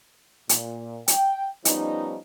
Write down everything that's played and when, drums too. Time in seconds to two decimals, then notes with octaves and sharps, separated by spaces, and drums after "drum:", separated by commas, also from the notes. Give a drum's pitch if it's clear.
0.49 A#2, drum: hi-hat
1.08 G5, drum: hi-hat
1.65 F3 G3 B3 C#4 D#4, drum: hi-hat